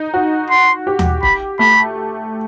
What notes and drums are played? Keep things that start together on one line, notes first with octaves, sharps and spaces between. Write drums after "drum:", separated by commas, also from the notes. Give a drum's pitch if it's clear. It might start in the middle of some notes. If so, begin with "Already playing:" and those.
Already playing: D#4
F#4
C6
G4
drum: tom D#2
B5, drum: kick
A3 B5